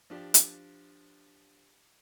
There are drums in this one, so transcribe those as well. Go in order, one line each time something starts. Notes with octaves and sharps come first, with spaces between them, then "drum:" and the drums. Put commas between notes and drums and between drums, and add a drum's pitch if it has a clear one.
F3 D4 G4
drum: hi-hat